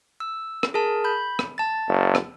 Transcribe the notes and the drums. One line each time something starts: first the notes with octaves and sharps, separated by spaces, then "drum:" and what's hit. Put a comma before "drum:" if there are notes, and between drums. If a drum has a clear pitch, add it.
E6
drum: rim click
G#4 A#4 A5
B5 G6
drum: rim click
A5 A6
F#1
drum: rim click